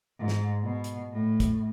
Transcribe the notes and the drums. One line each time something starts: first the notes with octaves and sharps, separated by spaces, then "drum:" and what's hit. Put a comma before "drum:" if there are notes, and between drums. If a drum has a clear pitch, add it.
G#2
drum: snare
B2
drum: hi-hat
A2
drum: kick, hi-hat